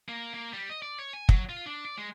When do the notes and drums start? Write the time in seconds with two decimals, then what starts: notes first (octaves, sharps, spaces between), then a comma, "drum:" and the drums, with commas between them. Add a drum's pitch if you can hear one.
0.09 A#3
0.34 A#3
0.53 G3
0.69 D#5
0.82 D5
0.99 C#5
1.13 G#5
1.29 F#3, drum: kick
1.49 F4
1.66 D4
1.85 D5
1.98 G#3